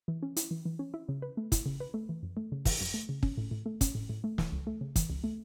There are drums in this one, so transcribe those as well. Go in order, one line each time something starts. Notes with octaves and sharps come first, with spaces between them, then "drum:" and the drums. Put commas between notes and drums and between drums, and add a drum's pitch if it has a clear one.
E3
C#4
E4, drum: hi-hat
E3
E3
C#4
E4
C#3
B4
A3
E4, drum: kick, hi-hat
C#3
B4
A3
E3
F#2
A3
C#3
E3, drum: kick, open hi-hat
F#2
A3
C#3
C#4, drum: kick
A2
A2
A3
C#4, drum: kick, hi-hat
A2
A2
A3
E3, drum: snare
C#2
A3
C#3
E3, drum: kick, hi-hat
C#2
A3